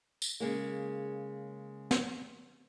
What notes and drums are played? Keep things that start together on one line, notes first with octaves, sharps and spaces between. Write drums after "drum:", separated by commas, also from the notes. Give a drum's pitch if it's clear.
drum: tambourine
C#3 G#3 A#3
drum: snare